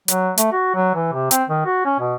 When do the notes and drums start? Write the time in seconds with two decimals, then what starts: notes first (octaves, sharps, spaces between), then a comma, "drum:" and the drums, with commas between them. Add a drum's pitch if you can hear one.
0.08 F#3, drum: hi-hat
0.38 A3, drum: hi-hat
0.52 F#4
0.75 F#3
0.95 E3
1.13 C3
1.31 C4, drum: hi-hat
1.49 D#3
1.66 F#4
1.85 C#4
2.00 B2